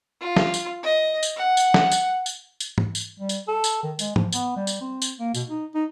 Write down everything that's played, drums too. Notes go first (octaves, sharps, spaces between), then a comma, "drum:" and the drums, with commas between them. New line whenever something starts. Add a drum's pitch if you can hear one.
F4
drum: snare
drum: tambourine
D#5
drum: tambourine
F#5
drum: tambourine
drum: snare
drum: tambourine
drum: tambourine
drum: tambourine
drum: tom
drum: tambourine
G3
drum: tambourine
A4
drum: tambourine
D#3
G#3, drum: tambourine
F3, drum: tom
B3, drum: tambourine
G3
drum: tambourine
C4
drum: tambourine
A#3
B2, drum: tambourine
D#4
D#4